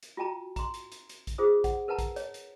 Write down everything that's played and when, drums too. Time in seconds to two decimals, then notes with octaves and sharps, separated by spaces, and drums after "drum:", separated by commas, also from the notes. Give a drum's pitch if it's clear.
0.03 drum: hi-hat
0.17 F4 F#4 G5 A5 A#5
0.56 A#5 C6, drum: kick A#1, hi-hat
0.74 drum: hi-hat
0.92 drum: hi-hat
1.09 drum: hi-hat
1.27 drum: kick A#1, hi-hat
1.38 F4 G#4 C5 D#6
1.64 F#5, drum: kick A#1, hi-hat
1.88 A#4 B4 F#5 A5 A#5
1.99 drum: kick A#1, hi-hat
2.16 C#5, drum: hi-hat
2.34 drum: hi-hat